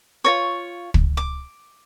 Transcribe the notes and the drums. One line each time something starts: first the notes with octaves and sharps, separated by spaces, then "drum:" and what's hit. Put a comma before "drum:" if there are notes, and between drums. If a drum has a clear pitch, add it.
F4 A#4 C#5 C#6
drum: kick
D6